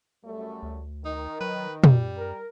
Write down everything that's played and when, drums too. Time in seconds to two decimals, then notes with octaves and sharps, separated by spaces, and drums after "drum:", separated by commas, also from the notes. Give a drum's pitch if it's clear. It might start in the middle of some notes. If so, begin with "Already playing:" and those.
0.25 F#2 G3 A3
0.63 D2
1.05 D#3 D#4
1.41 F#3 B4
1.84 F#2 G3, drum: tom
2.17 A#4